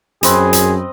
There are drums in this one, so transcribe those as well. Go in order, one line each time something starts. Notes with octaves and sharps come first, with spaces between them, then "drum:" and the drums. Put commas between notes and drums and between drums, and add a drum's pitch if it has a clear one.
F#2 C4 G#4 B4 D#5, drum: hi-hat
drum: hi-hat